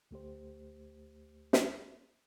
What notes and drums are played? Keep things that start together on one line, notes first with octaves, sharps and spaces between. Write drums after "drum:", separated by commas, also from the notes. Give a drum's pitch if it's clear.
D2 A3 G4 C5
drum: snare